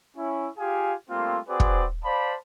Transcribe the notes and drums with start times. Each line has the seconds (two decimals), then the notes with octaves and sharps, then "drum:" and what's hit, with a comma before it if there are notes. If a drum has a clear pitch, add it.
0.17 C#4 E4
0.58 F4 G4 G#4 F5 G#5
1.10 G3 A3 A#3 C4 F4
1.48 C4 F#4 G#4 B4 C5 D5
1.60 drum: kick
2.03 C5 D5 F5 A5 B5